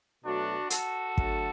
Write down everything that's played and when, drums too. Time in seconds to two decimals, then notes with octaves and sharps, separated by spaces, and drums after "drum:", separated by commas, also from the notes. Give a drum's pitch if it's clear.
0.24 B2 F#3 A3 D4 F#4
0.70 F#4 A4, drum: hi-hat
1.18 D3 F#3 A3, drum: kick